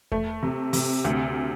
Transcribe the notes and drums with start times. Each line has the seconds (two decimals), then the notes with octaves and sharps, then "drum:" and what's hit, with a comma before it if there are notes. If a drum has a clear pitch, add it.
0.12 A3, drum: kick E2
0.43 C3
0.73 C3, drum: open hi-hat
1.05 D2